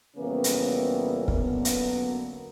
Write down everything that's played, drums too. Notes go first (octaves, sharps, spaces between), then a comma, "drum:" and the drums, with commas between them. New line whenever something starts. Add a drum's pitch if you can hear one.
F2 C#3 E3 G3 A#3 B3 C#4
drum: hi-hat
F#2 D3 F#3 A#3 B3, drum: kick
drum: hi-hat